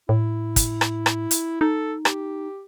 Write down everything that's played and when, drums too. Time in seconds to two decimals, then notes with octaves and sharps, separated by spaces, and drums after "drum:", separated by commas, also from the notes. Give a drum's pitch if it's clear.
0.09 A2 E4
0.56 drum: kick, hi-hat
0.81 drum: rim click
1.06 drum: rim click
1.31 drum: hi-hat
1.61 D#4 A4
2.05 G4, drum: rim click